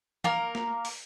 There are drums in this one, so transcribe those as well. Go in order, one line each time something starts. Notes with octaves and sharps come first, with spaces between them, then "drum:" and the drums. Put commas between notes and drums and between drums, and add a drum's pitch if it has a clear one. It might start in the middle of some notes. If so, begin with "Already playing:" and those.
A#3 A#4, drum: tom E3
drum: snare
drum: open hi-hat